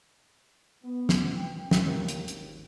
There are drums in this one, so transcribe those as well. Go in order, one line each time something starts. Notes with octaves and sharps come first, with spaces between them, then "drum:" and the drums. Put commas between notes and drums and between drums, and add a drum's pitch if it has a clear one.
B3
drum: snare
G5
D#2, drum: snare
drum: hi-hat
G#1, drum: hi-hat